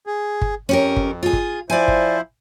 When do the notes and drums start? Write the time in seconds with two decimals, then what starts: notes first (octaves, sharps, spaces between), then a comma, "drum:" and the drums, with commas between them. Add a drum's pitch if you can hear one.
0.07 G#4
0.41 drum: kick
0.69 F2 C#4 G4 A#4
0.96 drum: kick
1.23 F4 G#4
1.33 drum: kick
1.70 F3 E4 C5 D5 G#5
1.88 drum: kick